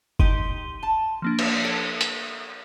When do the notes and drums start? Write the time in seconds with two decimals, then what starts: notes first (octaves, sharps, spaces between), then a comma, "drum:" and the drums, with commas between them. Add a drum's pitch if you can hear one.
0.19 D#4 G4 C6 D#7 G7, drum: kick F#1
0.83 A5
1.22 F3 A#3 D4
1.39 drum: cymbal
1.65 A4 C#5 D7
2.01 drum: hi-hat